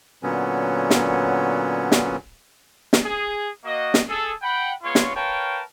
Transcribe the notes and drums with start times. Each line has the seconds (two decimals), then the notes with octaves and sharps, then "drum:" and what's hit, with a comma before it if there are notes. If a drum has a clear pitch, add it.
0.23 A#2 D3 F#3 B3 C#4
0.90 drum: snare
1.92 drum: snare
2.93 drum: snare
3.03 G#4
3.64 A#3 F#4 D#5
3.94 drum: snare
4.08 G#4 A4
4.42 F#5 G5 B5
4.83 G#3 B3 F4 C#5
4.95 drum: snare
5.16 A#4 B4 C#5 F5 G5 A5